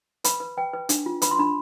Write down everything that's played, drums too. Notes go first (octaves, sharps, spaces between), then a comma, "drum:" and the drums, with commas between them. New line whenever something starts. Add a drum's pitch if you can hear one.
B4 B5, drum: hi-hat
B4
B4 G5
B4
D4, drum: hi-hat
F4
B4 B5, drum: hi-hat
C6
D4 B5